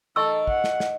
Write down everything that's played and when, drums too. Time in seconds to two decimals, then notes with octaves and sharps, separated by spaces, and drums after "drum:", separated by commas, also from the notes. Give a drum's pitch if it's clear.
0.16 D#3 A4 D#5 C#6 E6
0.47 F#5, drum: kick
0.64 drum: snare
0.80 drum: snare